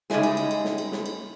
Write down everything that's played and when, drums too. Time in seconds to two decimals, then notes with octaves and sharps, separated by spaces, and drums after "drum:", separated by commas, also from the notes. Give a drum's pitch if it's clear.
0.10 C#3 G3 G#3 D#4 E4 G#4, drum: snare
0.23 drum: cymbal
0.37 drum: cymbal
0.51 drum: cymbal
0.64 drum: snare
0.78 drum: cymbal
0.92 drum: snare
1.06 drum: cymbal